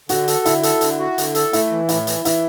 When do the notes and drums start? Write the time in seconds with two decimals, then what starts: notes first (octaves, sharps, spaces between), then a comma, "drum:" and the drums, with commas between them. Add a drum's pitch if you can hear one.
0.09 D3 F#4, drum: hi-hat
0.28 A4, drum: hi-hat
0.45 D3 E4, drum: hi-hat
0.63 A4, drum: hi-hat
0.81 D3, drum: hi-hat
0.99 F#4
1.18 D3, drum: hi-hat
1.35 A4, drum: hi-hat
1.53 A3 E4, drum: hi-hat
1.71 E3
1.89 A2 E4, drum: hi-hat
2.07 E3, drum: hi-hat
2.25 E3 E4, drum: hi-hat